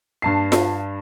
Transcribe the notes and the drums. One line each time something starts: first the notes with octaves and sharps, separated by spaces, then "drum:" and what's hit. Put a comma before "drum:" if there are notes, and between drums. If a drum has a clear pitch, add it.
G2 A5 C7
drum: snare F4